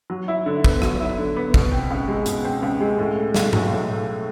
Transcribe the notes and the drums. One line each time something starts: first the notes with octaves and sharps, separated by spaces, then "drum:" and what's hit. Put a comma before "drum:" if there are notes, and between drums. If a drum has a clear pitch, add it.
F#3
E4
D3
B3, drum: kick
F#3, drum: rim click
E4
D3
B3
B2, drum: kick
C4
C#2
G#3
B2, drum: hi-hat
C4
C#2
G#3
A2
A3
B1, drum: snare
F#3, drum: tom G#2
A2
A3